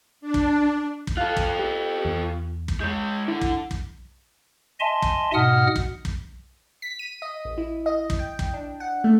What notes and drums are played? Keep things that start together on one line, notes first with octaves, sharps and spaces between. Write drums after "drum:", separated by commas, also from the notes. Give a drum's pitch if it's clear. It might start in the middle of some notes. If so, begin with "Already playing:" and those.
D4
drum: kick
drum: kick
F4 A4 F5 F#6
drum: kick
G4
E2
drum: kick
G#3 C#5 G6
D3 E4
drum: kick
drum: kick
D#5 E5 G#5 A5 C6
drum: kick
G#2 B2 D#5 F#5 D#6 F6
drum: kick
drum: kick
B6
D#7
D#5
A1
E4
D#5
drum: kick
G5
drum: kick
D4
F#5
A3